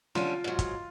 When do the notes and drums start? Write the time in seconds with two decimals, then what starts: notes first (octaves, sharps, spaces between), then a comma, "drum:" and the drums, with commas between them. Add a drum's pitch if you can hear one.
0.15 D3 G3 C#4 F4, drum: snare
0.44 G#2 F#3
0.59 drum: kick G1, hi-hat